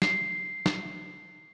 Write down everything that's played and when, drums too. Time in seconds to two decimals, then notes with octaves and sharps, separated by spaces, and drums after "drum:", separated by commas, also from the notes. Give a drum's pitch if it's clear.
0.02 C7, drum: snare
0.66 drum: snare